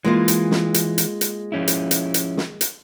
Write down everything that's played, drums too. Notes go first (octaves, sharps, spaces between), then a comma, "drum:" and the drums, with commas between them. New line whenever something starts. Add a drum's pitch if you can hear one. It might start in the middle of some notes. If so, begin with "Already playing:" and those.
E3 G#3 A#3 F4
drum: hi-hat
drum: snare
drum: hi-hat
drum: hi-hat
drum: hi-hat
F3 C#4 E4
drum: hi-hat
drum: hi-hat
drum: hi-hat
drum: snare
drum: hi-hat